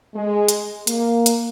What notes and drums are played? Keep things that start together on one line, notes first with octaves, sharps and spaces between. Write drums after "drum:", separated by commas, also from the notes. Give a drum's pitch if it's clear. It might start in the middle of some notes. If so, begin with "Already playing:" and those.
G#3
drum: hi-hat
A#3, drum: hi-hat
drum: hi-hat